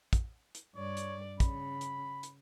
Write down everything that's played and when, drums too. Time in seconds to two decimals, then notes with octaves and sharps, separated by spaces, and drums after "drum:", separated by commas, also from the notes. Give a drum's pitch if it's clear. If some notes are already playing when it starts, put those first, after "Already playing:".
0.13 drum: kick, hi-hat
0.55 drum: hi-hat
0.76 G2 C#5 D5
0.97 drum: hi-hat
1.40 C#3 B5, drum: kick, hi-hat
1.81 drum: hi-hat
2.23 drum: hi-hat